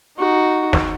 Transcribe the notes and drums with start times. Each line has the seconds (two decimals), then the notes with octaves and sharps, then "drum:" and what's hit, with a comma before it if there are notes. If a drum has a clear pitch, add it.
0.18 D#4 F#4
0.73 drum: snare